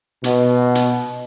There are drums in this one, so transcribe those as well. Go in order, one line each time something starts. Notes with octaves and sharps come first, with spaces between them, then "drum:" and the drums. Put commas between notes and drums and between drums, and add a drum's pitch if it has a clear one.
B2, drum: hi-hat
drum: hi-hat